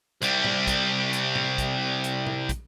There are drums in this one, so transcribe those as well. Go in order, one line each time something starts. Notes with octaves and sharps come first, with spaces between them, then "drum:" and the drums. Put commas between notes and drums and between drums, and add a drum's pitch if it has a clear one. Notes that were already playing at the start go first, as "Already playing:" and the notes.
C2 G3, drum: hi-hat
drum: tom A2
drum: kick, hi-hat
drum: hi-hat
drum: tom A2
drum: kick, hi-hat
drum: hi-hat
drum: tom A2
drum: kick, hi-hat